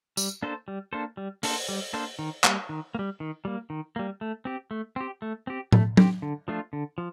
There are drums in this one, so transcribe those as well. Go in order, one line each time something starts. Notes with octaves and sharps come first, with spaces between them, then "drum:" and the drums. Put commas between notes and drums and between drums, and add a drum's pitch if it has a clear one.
G3, drum: tambourine
A#3 D4 A4 C5
G3
A#3 D4 A4 C5
G3
A#3 D4 A4 C5, drum: open hi-hat
G3
A#3 D4 A4 C5
D#3
G3 A#3, drum: clap
D#3
A#3
G3
D#3
G3 A#3
D#3
G3 A#3
A3
C4 G4
A3
C4 G4
A3
C4 G4
A3, drum: tom A2
C4 G4, drum: tom F#3
D3
F3 A3 D4 F4
D3
F3